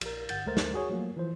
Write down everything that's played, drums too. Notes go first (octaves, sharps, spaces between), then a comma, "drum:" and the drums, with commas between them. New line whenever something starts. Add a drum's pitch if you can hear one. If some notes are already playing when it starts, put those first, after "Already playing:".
A#1 A#4, drum: cymbal
G1 F#5 G6 A6, drum: cymbal
D2 G#3 A3 A#4 C5 A6
drum: snare
F#4 G#4 C#5
F3 F#3 A3 A#3
E3 F3 C5